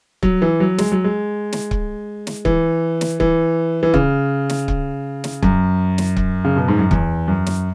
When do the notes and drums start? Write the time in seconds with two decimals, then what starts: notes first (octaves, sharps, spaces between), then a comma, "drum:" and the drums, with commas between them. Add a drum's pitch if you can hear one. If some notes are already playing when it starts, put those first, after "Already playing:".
0.23 F#3, drum: kick C#1
0.42 E3
0.60 F#3
0.78 G#3, drum: snare
0.92 F#3
1.04 G#3
1.53 drum: snare
1.71 drum: kick C#1
2.27 drum: snare
2.45 E3, drum: kick C#1
3.01 drum: snare
3.20 E3, drum: kick C#1
3.83 E3
3.94 C#3, drum: kick C#1
4.49 drum: snare
4.68 drum: kick C#1
5.24 drum: snare
5.43 F#2, drum: kick C#1
5.98 drum: snare
6.17 drum: kick C#1
6.45 C#3
6.57 B2
6.68 G#2
6.79 F#2
6.91 E2, drum: kick C#1
7.28 F#2
7.46 drum: snare